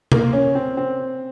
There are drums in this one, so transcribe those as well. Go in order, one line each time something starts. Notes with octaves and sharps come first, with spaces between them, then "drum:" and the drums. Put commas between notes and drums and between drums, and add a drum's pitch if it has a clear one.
A#3, drum: tom C3
C#4
C4
C4